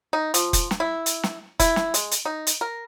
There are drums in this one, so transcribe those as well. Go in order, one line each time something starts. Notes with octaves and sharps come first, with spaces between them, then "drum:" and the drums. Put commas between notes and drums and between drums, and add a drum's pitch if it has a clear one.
D#4
F3, drum: hi-hat
drum: kick, hi-hat
drum: snare
E4
drum: hi-hat
drum: snare
E4, drum: kick, hi-hat
drum: snare
G#3, drum: hi-hat
drum: hi-hat
D#4
drum: hi-hat
A#4